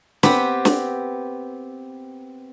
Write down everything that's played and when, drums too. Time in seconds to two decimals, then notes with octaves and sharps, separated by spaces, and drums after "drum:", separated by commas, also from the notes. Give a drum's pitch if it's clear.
0.23 B3 C4 G4 B4, drum: snare
0.65 drum: snare